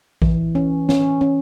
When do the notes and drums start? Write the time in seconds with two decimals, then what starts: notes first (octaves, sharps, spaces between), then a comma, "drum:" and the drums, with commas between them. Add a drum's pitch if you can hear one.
0.22 E3, drum: kick A1
0.55 C#4
0.89 C#4, drum: snare
1.21 C#4